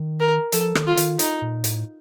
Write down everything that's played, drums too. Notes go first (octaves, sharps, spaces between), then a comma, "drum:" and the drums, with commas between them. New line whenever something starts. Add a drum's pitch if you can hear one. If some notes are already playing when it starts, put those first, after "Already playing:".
Already playing: D#3
A#4
F3 A4, drum: hi-hat
D#3, drum: rim click
F4
D#3, drum: hi-hat
D#4, drum: hi-hat
A#2
A2, drum: hi-hat